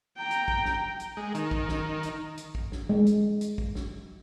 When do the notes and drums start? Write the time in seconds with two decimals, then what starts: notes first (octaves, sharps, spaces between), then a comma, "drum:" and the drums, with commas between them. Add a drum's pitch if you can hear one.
0.17 G5 A#5
0.31 drum: hi-hat
0.48 drum: kick
0.65 drum: snare
1.00 drum: hi-hat
1.17 G#3
1.35 D#3, drum: hi-hat
1.51 drum: kick
1.69 drum: snare
2.03 drum: hi-hat
2.38 drum: hi-hat
2.55 drum: kick
2.72 drum: snare
2.89 G#3
3.06 drum: hi-hat
3.41 drum: hi-hat
3.58 drum: kick
3.75 drum: snare